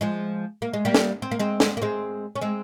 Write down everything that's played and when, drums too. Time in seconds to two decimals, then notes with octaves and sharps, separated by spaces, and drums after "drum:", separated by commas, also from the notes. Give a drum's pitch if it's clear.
0.01 F3 G#3
0.62 A#3
0.73 G#3
0.85 G3 A#3
0.94 drum: snare
1.22 C4
1.31 A#3
1.39 G#3 C4
1.60 drum: snare
1.77 A#3
1.82 G#3 C4
2.36 C#4
2.41 G#3 C4